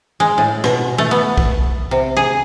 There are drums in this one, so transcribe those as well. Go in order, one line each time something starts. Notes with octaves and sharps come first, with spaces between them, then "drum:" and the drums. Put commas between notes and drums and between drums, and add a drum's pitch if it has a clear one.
G#3
A2
B2, drum: rim click
A3
B3
drum: kick B1
C3
G#4